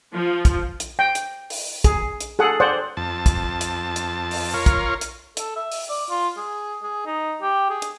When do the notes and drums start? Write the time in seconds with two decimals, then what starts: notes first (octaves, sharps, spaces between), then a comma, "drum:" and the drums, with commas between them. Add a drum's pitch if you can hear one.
0.13 F3
0.45 drum: kick, hi-hat
0.80 drum: hi-hat
0.99 G5
1.15 drum: hi-hat
1.50 drum: open hi-hat
1.84 G#4, drum: kick, hi-hat
2.21 drum: hi-hat
2.39 G#4 A4 F#5
2.60 C5 D5 F#5
2.97 F2 A5
3.26 drum: kick, hi-hat
3.61 drum: hi-hat
3.96 drum: hi-hat
4.31 drum: open hi-hat
4.54 F4 A#4 C#5
4.66 drum: kick, hi-hat
5.01 drum: hi-hat
5.37 A4, drum: hi-hat
5.56 E5
5.72 drum: open hi-hat
5.89 D5
6.10 F4
6.37 G#4
6.83 G#4
7.06 D#4
7.42 G4
7.70 G#4
7.82 drum: hi-hat